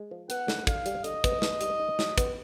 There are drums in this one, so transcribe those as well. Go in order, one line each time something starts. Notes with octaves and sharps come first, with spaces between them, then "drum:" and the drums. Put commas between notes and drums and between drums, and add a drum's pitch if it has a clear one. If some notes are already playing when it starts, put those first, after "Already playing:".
Already playing: G#3
F3
B3 F#5, drum: hi-hat
D3, drum: snare
D3 F5, drum: kick, hi-hat
G3, drum: hi-hat
D3 D#5, drum: hi-hat
B3, drum: kick, hi-hat
B3, drum: snare
G3, drum: hi-hat
D#4
F#3, drum: snare
B3, drum: kick, hi-hat